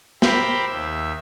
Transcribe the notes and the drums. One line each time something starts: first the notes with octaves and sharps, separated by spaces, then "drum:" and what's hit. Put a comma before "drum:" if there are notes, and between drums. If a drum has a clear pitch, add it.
G4 A#4 C5 E5 B5, drum: snare
D#2 E5